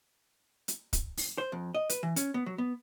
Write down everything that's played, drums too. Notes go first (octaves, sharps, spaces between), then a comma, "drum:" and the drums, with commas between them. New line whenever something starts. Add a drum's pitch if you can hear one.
drum: hi-hat
drum: kick, hi-hat
drum: open hi-hat
C5
F2
D#5
B4, drum: hi-hat
E3
C#4, drum: hi-hat
B3
F#3
B3